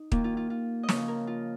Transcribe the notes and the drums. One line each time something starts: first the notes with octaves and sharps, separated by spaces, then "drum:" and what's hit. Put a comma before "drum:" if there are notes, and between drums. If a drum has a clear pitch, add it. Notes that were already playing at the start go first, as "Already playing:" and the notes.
Already playing: D#4
D#3 A#3 F4, drum: kick
F4
F4
F4
D#5
C#3 F3 A#3 C#5, drum: snare
A#4
F4